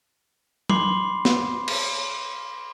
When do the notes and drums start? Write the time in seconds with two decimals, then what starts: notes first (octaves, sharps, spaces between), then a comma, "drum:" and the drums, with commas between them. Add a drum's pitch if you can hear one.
0.69 B5 C6 D6 C7, drum: tom F#3
1.25 drum: snare
1.68 drum: cymbal